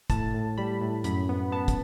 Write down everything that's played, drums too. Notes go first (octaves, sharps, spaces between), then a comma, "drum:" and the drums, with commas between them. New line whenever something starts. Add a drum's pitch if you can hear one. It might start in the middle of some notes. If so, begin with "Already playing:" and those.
A2 A5, drum: kick, hi-hat
A2
G3 B5
A2
F#2 B5, drum: hi-hat
B3
B3 A5
drum: kick, hi-hat